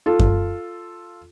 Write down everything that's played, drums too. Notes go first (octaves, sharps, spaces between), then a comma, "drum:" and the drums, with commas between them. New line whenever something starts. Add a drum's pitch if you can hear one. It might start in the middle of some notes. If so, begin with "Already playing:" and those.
F4 A4
drum: kick F#2